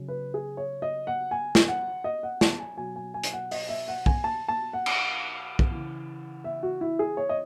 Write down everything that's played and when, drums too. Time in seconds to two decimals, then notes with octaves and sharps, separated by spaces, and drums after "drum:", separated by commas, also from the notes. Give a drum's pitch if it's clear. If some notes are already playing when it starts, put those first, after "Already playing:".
Already playing: C#3 F#3
0.08 B4
0.34 G#4
0.57 C#5
0.82 D#5
1.07 F#5
1.31 G#5
1.55 drum: snare
1.68 F#5
2.04 D#5
2.23 F#5
2.41 A5, drum: snare
2.60 G#5
2.77 B2 F#3 G#5
2.96 G#5
3.14 G#5
3.24 drum: hi-hat
3.33 F#5
3.51 D#5, drum: open hi-hat
3.69 E5
3.88 F#5
4.06 G#5, drum: kick
4.24 A5
4.48 A5
4.73 F#5
4.86 drum: cymbal
5.59 drum: kick
5.71 C#3 E3
6.44 E5
6.63 F#4
6.81 E4
6.99 G#4
7.17 C#5
7.29 D#5